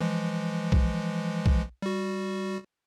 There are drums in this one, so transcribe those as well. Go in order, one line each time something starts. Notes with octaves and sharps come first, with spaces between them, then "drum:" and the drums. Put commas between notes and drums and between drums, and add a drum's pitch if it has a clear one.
E3 F3 G#3
drum: kick B1
drum: kick B1
G3 F#4